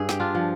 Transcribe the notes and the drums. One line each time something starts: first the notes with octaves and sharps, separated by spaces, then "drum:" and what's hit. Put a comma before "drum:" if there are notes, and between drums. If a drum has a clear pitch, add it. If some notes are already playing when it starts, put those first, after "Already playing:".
Already playing: G2 G#4
G4, drum: snare
D4 F4
F3